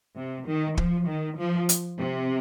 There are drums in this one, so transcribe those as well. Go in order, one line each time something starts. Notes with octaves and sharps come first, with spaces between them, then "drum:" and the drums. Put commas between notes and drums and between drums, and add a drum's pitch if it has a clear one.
C3
D#3
F3, drum: kick
D#3
F3
drum: hi-hat
C3